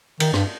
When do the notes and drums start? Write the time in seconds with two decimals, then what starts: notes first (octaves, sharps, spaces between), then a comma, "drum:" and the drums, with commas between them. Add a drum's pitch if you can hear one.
0.20 D#3, drum: cymbal
0.34 G2, drum: rim click